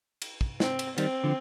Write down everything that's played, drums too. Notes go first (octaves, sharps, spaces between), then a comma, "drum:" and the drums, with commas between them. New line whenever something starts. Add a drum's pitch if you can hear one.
drum: cymbal
drum: kick
C4, drum: snare
drum: cymbal
D#3 G3 C4, drum: cymbal
D3 F3